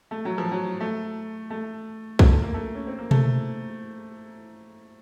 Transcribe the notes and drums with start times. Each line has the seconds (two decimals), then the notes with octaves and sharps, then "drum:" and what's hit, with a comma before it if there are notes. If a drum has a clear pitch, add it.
0.11 A3
0.25 F#3
0.38 F3
0.52 F#3
0.81 A3
1.50 A3
2.19 A#3, drum: kick B1
2.32 A3
2.42 A#3
2.54 A3
2.75 C#4
2.87 C4
2.99 A#3
3.11 A3, drum: tom B2